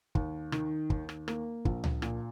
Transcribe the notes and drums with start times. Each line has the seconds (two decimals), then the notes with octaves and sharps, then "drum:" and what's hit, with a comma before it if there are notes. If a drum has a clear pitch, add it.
0.15 D#2, drum: kick
0.52 D#3, drum: rim click
0.90 D#2, drum: kick
1.09 drum: rim click
1.28 A#3, drum: rim click
1.65 A#1, drum: kick
1.84 drum: tom C#2
2.02 A#2, drum: rim click